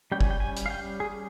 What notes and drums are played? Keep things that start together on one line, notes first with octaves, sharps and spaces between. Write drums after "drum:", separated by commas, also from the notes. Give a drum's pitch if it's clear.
G3 C#4 G5
G#5, drum: kick
G5
G#5
drum: hi-hat
F5
G5
G#4